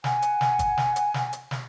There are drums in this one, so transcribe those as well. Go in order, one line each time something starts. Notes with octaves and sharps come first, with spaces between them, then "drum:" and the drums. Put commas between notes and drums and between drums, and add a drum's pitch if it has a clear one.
F#5 G#5, drum: snare
drum: hi-hat
drum: snare
drum: kick, hi-hat
drum: snare
drum: hi-hat
drum: snare
drum: hi-hat
drum: snare